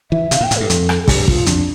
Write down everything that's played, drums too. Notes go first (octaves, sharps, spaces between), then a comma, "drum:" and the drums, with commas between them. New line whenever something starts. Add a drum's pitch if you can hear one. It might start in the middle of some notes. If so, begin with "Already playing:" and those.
E3 E5
C3 F5, drum: hi-hat
A#2
G5
A2, drum: hi-hat
G2 A4
F2, drum: hi-hat
drum: rim click
A4
G2 G4, drum: kick, open hi-hat
F4, drum: kick
F2 D4, drum: hi-hat